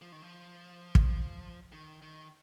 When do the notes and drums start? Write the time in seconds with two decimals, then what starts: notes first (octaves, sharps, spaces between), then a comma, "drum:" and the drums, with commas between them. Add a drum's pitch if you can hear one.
0.02 F3
0.12 D#3
0.22 F3
0.95 drum: kick
1.73 D#3
2.02 D#3